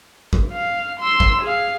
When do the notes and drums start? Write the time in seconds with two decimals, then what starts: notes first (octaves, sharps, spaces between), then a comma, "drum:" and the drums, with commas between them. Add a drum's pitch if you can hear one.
0.33 drum: kick
0.53 F5
1.00 C6 E6
1.20 drum: kick
1.42 G#4 F5